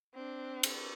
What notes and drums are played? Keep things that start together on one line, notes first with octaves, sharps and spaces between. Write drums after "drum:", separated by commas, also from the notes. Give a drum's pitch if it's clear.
C4 D4
drum: cymbal